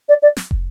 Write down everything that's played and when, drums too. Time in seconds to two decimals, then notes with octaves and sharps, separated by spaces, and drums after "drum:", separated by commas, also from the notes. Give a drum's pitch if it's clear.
0.09 D5
0.22 D5
0.37 drum: snare
0.51 drum: kick